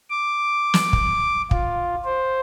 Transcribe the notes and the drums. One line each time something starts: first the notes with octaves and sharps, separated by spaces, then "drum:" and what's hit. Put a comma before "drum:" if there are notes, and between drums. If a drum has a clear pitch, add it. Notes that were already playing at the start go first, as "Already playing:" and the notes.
D6
drum: snare
drum: kick
F4, drum: kick
C5